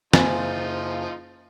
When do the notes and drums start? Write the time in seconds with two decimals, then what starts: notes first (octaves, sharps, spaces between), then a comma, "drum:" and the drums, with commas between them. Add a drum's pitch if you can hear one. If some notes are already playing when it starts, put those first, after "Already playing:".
0.13 F#1 F3 D#4 F4 G#5 A6, drum: snare